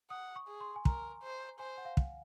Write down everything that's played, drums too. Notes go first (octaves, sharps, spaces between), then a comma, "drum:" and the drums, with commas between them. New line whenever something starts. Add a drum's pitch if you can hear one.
F#5 D#6
C#6
G#4
C6
G#5
A#4 A#5, drum: kick
C5
C5 G#5
F#5
F5
drum: kick